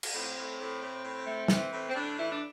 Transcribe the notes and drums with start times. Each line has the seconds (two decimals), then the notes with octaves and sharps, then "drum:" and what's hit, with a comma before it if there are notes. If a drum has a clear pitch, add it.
0.03 drum: cymbal
0.12 A2 C4
0.35 A2
0.58 A2
0.81 A2
1.04 A2
1.26 A3
1.48 E3 C4, drum: snare
1.71 A2 C4
1.88 C4
1.94 A2 D3 D4
2.17 E3 E4
2.28 D4